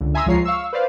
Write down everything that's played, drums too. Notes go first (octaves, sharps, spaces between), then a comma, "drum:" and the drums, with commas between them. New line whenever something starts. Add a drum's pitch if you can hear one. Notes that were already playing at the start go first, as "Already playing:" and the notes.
C#2 D3
E5 G#5 A#5 C6 D#6 E6
F3 G#3 F4 C#5 A#5 C7, drum: kick C#2
F5 C#6 E6
B4 C5 D5 F5